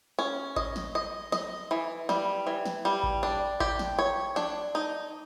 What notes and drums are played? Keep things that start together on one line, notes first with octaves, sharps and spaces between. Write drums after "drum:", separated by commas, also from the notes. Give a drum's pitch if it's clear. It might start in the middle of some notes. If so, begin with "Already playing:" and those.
C#4
D#5, drum: kick A1
drum: snare
D#5
D#5, drum: snare
E3
G3, drum: snare
E3
drum: snare
G3
drum: kick A1
D4
G4, drum: kick A1
drum: snare
C#5
D4, drum: snare
D#4